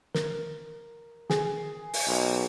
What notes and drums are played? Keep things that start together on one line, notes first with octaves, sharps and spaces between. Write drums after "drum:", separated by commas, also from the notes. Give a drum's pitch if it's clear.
A#4, drum: snare
G#4, drum: snare
drum: open hi-hat
B1